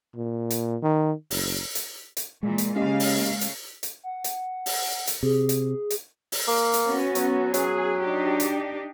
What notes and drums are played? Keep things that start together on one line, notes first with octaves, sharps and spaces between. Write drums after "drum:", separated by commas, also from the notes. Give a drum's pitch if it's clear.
A#2
drum: hi-hat
D#3
F#1, drum: open hi-hat
drum: hi-hat
drum: hi-hat
A#2 E3 G#3
drum: hi-hat
C#3 A#3 C#4 G4 D#5 F5
drum: open hi-hat
drum: hi-hat
drum: hi-hat
F#5
drum: hi-hat
drum: open hi-hat
drum: hi-hat
C3 G#4
drum: hi-hat
drum: hi-hat
drum: open hi-hat
A#3
drum: hi-hat
B3 C#4 F#4
F#3, drum: hi-hat
F#3 G#4, drum: hi-hat
D4 D#4 G4
drum: hi-hat